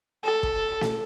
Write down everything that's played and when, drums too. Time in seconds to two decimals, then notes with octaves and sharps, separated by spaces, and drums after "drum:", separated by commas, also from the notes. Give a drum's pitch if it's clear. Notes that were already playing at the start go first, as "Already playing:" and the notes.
0.24 A4
0.43 drum: kick
0.81 drum: snare